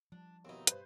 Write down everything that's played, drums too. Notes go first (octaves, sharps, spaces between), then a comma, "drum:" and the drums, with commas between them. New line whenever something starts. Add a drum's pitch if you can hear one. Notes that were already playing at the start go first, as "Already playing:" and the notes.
F3 G3 D4
D#2 B2 C4 D#4 E4
G2 B4 C5, drum: hi-hat